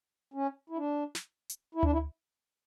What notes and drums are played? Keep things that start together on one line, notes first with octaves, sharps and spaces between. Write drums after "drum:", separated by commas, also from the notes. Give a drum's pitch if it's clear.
C#4
E4
D4
drum: snare
drum: hi-hat
E4
D4, drum: tom D2
E4